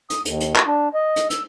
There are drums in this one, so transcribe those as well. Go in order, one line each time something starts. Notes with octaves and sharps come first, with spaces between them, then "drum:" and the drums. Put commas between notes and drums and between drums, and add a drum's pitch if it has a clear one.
D#6, drum: hi-hat
D#2, drum: hi-hat
drum: hi-hat
drum: clap
D4
D#5
drum: hi-hat
E6, drum: hi-hat